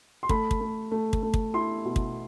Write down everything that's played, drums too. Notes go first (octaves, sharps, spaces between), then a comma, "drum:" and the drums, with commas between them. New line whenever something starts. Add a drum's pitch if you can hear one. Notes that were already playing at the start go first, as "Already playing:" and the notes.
C6
A3 B5, drum: kick
drum: kick
A3
A3
drum: kick
A3
drum: kick
E4 C6
B2
drum: kick